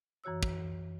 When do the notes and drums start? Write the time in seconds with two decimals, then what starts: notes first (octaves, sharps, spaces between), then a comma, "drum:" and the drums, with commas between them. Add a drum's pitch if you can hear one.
0.24 F#2 E3 F#4 C#5 E6
0.43 drum: kick